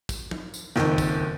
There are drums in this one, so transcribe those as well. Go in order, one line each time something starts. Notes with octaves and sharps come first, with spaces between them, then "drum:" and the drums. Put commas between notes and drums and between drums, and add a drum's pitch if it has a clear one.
drum: kick, tambourine
drum: tom F3
drum: tambourine
F#1 F2 D#3, drum: snare
drum: kick, tambourine